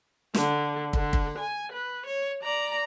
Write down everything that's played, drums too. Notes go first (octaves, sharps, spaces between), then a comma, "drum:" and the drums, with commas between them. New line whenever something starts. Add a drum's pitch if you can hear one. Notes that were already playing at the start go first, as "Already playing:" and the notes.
D3, drum: snare
D3, drum: kick
drum: kick
G#5
B4
C#5
D5 A#5